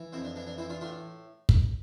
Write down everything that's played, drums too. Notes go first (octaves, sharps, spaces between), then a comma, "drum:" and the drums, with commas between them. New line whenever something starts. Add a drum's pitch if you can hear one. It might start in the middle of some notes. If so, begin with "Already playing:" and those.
Already playing: E3
F2 C4 E4
D4
E3 D4
D4
E3 C4 E4
D4 F4
A2 D4 F4
drum: kick